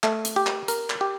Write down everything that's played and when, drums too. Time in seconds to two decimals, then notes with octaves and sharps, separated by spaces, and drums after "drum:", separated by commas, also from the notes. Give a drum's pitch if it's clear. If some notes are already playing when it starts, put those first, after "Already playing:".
0.03 A3, drum: clap
0.25 drum: hi-hat
0.36 G4
0.47 drum: clap
0.68 A#4, drum: hi-hat
0.90 drum: clap
1.01 G4